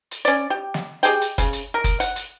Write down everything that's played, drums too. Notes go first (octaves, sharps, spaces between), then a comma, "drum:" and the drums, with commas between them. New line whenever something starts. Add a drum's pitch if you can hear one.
drum: hi-hat
C#4 D5, drum: hi-hat
G4
drum: snare
G4 G#4 D#5 G5, drum: hi-hat
drum: hi-hat
C#3, drum: kick F#1, hi-hat
drum: hi-hat
A#4
drum: kick F#1, hi-hat
F#5, drum: hi-hat
drum: hi-hat